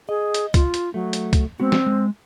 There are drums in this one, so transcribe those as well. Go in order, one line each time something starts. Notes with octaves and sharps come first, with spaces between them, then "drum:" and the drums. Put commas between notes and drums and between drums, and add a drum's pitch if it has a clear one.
G#4 D#5
drum: hi-hat
F4, drum: kick, hi-hat
drum: hi-hat
F#3 A3
drum: hi-hat
drum: kick, hi-hat
G#3 B3 C4 F#4
drum: snare
G#3